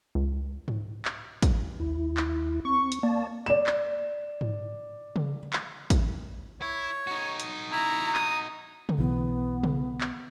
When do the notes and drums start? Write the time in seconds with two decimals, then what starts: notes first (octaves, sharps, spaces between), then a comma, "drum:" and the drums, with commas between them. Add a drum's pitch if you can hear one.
0.15 C#2
0.68 drum: tom G#2
1.05 drum: clap
1.42 drum: kick, hi-hat
1.80 D#2 E4
2.17 drum: clap
2.65 C4 C#6
2.92 drum: hi-hat
3.03 A#3 D5 A5
3.46 D5 E7
3.66 drum: clap
4.41 drum: tom G#2
5.16 drum: tom C#3
5.53 drum: clap
5.90 drum: kick, hi-hat
6.62 E4 C#5
7.07 D#4 F#4
7.40 drum: hi-hat
7.72 E4 A#5
8.14 D#6, drum: clap
8.89 drum: tom C#3
8.99 B1 E3 B3
9.63 drum: tom C#3
10.01 drum: clap